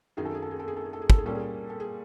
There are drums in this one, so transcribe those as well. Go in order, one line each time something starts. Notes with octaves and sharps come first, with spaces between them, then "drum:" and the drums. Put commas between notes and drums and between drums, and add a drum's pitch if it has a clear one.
F#2 D#3 F#3 A#3 D#4 G#4
A4
G#4
A4
G#4
A4
G#4
A4
G#4
A4
G#4
A4, drum: kick
G#4
A#2 G3 A#3 C#4 A4
G#4
A4
G#4